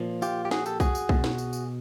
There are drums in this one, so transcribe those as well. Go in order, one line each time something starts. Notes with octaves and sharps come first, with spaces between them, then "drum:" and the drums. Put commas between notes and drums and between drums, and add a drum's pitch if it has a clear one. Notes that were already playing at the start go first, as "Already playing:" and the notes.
Already playing: A#2 F3
F4 G4, drum: tambourine
G4
F#4 G#4, drum: snare
G4 A4, drum: tambourine
F#4 G#4, drum: kick B1, tambourine
drum: tambourine
B2, drum: kick B1
drum: snare
drum: tambourine
drum: tambourine